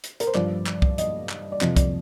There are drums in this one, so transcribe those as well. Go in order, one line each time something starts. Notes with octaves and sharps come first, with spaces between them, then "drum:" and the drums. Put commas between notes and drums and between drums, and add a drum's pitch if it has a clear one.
drum: hi-hat
A#4, drum: hi-hat
C5
G2 F3 D5, drum: clap
drum: clap
drum: kick C2
D#5, drum: hi-hat
drum: clap
D5
F2 C3 F3 D#5, drum: clap
D5, drum: kick C2, hi-hat